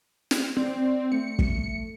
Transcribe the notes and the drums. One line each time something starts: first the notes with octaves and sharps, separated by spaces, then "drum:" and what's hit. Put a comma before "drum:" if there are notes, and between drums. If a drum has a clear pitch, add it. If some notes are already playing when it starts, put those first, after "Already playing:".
drum: snare
C4 D5
A3 C#7
drum: kick